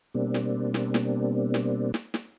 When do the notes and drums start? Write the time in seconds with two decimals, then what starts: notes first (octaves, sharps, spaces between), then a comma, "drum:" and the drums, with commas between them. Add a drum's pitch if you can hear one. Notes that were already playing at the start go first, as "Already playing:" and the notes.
0.14 B2 G3 A#3 C4 D4
0.34 drum: snare
0.74 drum: snare
0.94 drum: snare
1.54 drum: snare
1.94 drum: snare
2.14 drum: snare